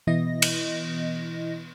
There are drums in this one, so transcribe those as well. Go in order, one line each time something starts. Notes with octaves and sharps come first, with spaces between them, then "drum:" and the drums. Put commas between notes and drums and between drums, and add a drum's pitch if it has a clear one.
B2 E3 B3 E4 D#5 A#6
drum: cymbal